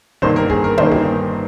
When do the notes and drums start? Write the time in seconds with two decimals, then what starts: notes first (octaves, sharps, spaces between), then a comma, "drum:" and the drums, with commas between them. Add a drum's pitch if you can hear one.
0.22 G1 G2 D#3 A#3 D#4 C5, drum: snare
0.36 A#4
0.50 G#4, drum: kick
0.64 A#4
0.78 G1 G2 D#3 A#3 D#4 C5, drum: tom
0.92 drum: snare